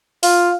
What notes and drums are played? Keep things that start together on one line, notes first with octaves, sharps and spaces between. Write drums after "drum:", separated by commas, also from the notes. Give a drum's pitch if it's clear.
F4, drum: open hi-hat